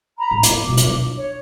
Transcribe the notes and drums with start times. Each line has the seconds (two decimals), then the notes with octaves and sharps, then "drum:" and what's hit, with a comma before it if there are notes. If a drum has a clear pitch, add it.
0.18 A#5 B5
0.31 A2
0.43 B3 D6, drum: hi-hat
0.67 B2 F#3
0.77 drum: hi-hat
0.87 D4
1.16 C#5